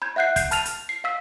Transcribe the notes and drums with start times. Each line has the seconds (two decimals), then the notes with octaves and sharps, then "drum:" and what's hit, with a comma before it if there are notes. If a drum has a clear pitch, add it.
0.02 B5 G6 G#6
0.16 E5 F#5 F#6 G6 C7
0.36 G6 C7, drum: kick, hi-hat
0.51 A5 B5 F6 A6 D#7 F7, drum: hi-hat
0.65 drum: hi-hat
0.89 C7
1.04 F5 E6 B6